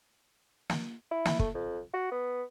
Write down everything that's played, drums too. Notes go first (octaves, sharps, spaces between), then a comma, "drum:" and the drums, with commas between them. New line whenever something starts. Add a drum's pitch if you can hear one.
drum: snare
E4
drum: snare
A3, drum: kick
F2
F#4
B3